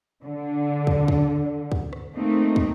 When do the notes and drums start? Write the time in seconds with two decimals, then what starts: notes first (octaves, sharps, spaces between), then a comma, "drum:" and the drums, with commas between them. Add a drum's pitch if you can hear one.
0.23 D3
0.87 drum: kick
1.08 drum: kick
1.72 drum: kick
1.93 drum: rim click
2.14 A3 A#3 C4 D#4
2.56 drum: kick